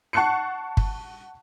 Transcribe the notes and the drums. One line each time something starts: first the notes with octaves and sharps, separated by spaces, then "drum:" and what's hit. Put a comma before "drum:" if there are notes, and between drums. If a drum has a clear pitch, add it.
F#5 A5 C#6 F#6 C7 C#7
drum: kick